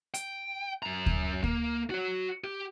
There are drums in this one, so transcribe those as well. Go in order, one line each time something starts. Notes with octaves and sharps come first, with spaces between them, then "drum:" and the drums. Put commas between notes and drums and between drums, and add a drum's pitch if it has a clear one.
G5, drum: hi-hat
F#2 A#5
drum: kick D2
A#3, drum: kick D2
F#4 C#5
G4